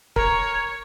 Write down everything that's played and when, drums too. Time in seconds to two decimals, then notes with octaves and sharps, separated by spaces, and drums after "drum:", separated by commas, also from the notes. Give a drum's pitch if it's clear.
0.16 A#4 C#5, drum: kick